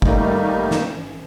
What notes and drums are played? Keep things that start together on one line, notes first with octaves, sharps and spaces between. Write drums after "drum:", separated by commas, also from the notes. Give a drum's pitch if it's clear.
D#3 G3 A3 A#3 D#4, drum: kick
drum: snare